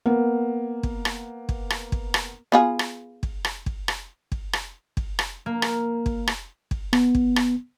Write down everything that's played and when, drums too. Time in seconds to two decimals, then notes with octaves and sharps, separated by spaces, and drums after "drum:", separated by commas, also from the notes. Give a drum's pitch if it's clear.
0.06 A#3 B3
0.83 drum: kick
1.05 drum: rim click
1.49 drum: kick
1.70 drum: rim click
1.92 drum: kick
2.14 drum: rim click
2.52 B3 F4 G#4
2.79 drum: rim click
3.23 drum: kick
3.45 drum: rim click
3.66 drum: kick
3.88 drum: rim click
4.32 drum: kick
4.53 drum: rim click
4.97 drum: kick
5.19 drum: rim click
5.46 A#3
5.62 drum: rim click
6.06 drum: kick
6.27 drum: rim click
6.71 drum: kick
6.93 B3, drum: rim click
7.15 drum: kick
7.36 drum: rim click